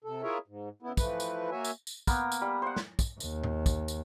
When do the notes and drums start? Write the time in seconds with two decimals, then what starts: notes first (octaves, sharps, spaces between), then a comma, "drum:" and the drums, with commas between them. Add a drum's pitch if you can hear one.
0.04 C3 A4
0.23 E4 F4 G#4 A#4 C#5 E5
0.47 G#2
0.82 C#3 B3 E4
0.97 E3 F3 A3 B4, drum: kick, tambourine
1.20 drum: tambourine
1.51 A#3 F#4 C#5 E5 G#5
1.65 drum: tambourine
1.87 drum: tambourine
2.07 A#3 B3, drum: kick, tambourine
2.32 drum: tambourine
2.41 G3
2.62 C5 F#5
2.76 drum: snare
2.99 drum: kick, tambourine
3.20 D#2, drum: tambourine
3.44 drum: tom A2
3.66 drum: kick, tambourine
3.88 drum: tambourine